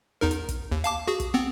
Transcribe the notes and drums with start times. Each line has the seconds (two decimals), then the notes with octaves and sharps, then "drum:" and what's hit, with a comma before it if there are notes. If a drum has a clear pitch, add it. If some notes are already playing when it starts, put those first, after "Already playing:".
0.21 E2 D#4 A#4
0.31 drum: hi-hat
0.49 drum: kick, hi-hat
0.72 D#2
0.84 F5 A5 D6, drum: hi-hat
1.08 F#4 G#4
1.20 drum: kick, hi-hat
1.34 B3 C4